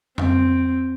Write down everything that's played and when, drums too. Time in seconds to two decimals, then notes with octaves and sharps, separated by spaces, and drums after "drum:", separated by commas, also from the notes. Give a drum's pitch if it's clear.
0.18 C4, drum: tom F2